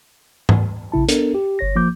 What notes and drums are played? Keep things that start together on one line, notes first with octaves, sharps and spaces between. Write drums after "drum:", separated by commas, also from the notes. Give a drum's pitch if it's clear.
drum: tom G#2
A#1 C#3 E4 A5
B3 D4 A4 A#4, drum: hi-hat
G4
G1 C#5 A#6
F3 A#3 D6 G6